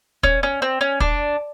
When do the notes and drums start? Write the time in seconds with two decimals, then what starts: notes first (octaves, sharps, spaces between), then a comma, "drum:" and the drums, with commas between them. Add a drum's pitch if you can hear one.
0.23 C#4, drum: kick
0.43 C#4
0.62 C4
0.81 C#4
1.00 D4, drum: kick